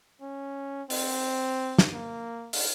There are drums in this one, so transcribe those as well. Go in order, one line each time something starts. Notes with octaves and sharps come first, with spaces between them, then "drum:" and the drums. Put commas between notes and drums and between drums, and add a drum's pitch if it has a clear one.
C#4
C4, drum: open hi-hat
drum: snare
A#3
drum: open hi-hat